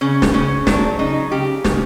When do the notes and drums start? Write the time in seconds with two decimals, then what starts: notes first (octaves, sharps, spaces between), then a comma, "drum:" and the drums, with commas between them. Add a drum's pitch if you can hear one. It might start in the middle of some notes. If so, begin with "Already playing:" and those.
0.01 C#3 C#4
0.22 drum: snare
0.34 C#3 C#4
0.67 F#3 D4, drum: snare
0.99 C#3 D#4
1.31 C#3 G4
1.64 C#3, drum: snare